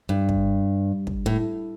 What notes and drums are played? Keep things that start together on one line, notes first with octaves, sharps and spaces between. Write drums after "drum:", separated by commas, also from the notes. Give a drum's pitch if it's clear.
G2
drum: kick
drum: kick
A2